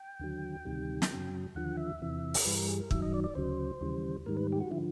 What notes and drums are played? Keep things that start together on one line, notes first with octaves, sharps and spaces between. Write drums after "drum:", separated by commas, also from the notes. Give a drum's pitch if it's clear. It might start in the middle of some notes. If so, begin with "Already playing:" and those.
Already playing: G5
D#2 D3 F#3
D2 C3 D#3 G3
drum: snare
F#2 C#3 F#3
D#2 D3 F3 F#5
E5
E2 C3 E3
drum: open hi-hat
G2 E3 G3 B4
A#4
G#4
A#4
F#2 D#3 F#3 E5, drum: kick
D#5
D5
D5
D2 C#3 F#3 C5
D#2 C#3 E3 G3
G#2 D#3 G3 A#4
B4
G4
F#4
D3 F3 E4